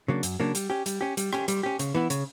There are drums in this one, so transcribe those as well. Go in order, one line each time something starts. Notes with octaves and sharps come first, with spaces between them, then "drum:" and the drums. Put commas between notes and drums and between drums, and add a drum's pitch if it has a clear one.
C#3 F#3 A#3 D4
F#2, drum: hi-hat
C#3 F#3 A#3 D4
G3, drum: hi-hat
C#4 G4
G3, drum: hi-hat
C#4 G4
G3, drum: hi-hat
C#4 G4, drum: rim click
G3, drum: hi-hat
C#4 G4
C#3, drum: hi-hat
E3 B3 E4
C#3, drum: hi-hat